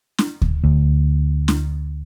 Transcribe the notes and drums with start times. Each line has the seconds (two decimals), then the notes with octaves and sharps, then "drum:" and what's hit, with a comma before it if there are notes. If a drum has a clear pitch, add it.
0.18 drum: snare
0.42 drum: kick D2
0.64 D2
1.48 drum: snare